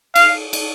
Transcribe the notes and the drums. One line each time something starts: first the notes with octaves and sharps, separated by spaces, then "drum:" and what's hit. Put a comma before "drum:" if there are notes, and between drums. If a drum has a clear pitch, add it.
F5, drum: cymbal
drum: cymbal